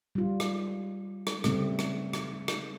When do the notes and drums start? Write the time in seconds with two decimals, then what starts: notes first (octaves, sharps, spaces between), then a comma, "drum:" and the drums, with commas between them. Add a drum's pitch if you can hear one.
0.15 G3 F4
0.40 drum: rim click
1.27 drum: rim click
1.44 C#3 G3 A3 C4, drum: rim click
1.79 drum: rim click
2.13 drum: rim click
2.48 drum: rim click